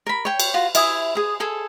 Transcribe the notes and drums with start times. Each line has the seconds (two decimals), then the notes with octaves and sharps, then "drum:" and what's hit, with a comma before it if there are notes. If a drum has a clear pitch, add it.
0.07 A#4 B5
0.25 C#5 G5
0.40 drum: cymbal
0.54 F4 F#4
0.75 E4 E5 G#5 D#6, drum: cymbal
1.15 G#4 D#6
1.40 G#4 A4 G#5